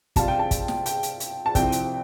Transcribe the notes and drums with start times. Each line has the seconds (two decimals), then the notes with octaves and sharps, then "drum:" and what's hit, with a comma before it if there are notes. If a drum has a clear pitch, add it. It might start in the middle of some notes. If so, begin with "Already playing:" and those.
0.16 C3 G3 F4 A5, drum: kick, hi-hat
0.28 G5
0.39 A5
0.51 drum: kick, hi-hat
0.68 drum: snare
0.86 G5, drum: hi-hat
1.03 drum: hi-hat
1.20 drum: hi-hat
1.46 A5
1.55 C2 C3 F3 C4 G5, drum: kick, hi-hat
1.72 drum: hi-hat